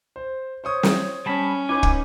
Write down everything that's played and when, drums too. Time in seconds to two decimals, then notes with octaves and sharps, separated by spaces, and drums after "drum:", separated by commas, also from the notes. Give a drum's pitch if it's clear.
0.16 C5
0.64 C5 C#5 C#6 D#6
0.83 drum: snare
1.26 G3 C#4 A5 B5
1.69 D#4 B4 G#5 D6
1.83 drum: kick